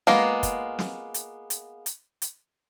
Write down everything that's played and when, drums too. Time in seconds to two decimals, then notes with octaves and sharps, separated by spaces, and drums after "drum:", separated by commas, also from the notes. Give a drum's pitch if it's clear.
0.07 G#3 A#3 B3 F4, drum: snare
0.43 drum: kick, hi-hat
0.79 drum: snare
1.14 drum: hi-hat
1.50 drum: hi-hat
1.86 drum: hi-hat
2.22 drum: hi-hat